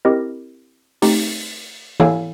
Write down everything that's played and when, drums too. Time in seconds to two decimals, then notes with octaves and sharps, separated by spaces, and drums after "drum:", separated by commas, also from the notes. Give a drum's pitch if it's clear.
0.05 C4 E4 G4 A#4 D#5
1.02 A3 C4 D#4 G4, drum: open hi-hat
2.00 E4 A4 C#5 F5 G#5, drum: tom E3